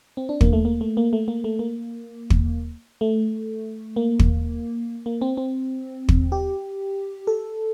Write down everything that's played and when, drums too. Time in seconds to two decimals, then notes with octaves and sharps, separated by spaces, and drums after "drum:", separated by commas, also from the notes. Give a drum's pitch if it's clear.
0.17 C4
0.29 D4
0.41 A#3, drum: kick
0.53 A3
0.65 A#3
0.81 A3
0.97 A#3
1.13 A3
1.28 A#3
1.44 A3
1.59 A#3
2.30 drum: kick
3.01 A3
3.96 A#3
4.19 drum: kick
5.06 A#3
5.22 C4
5.37 C4
6.09 drum: kick
6.32 G4
7.27 A4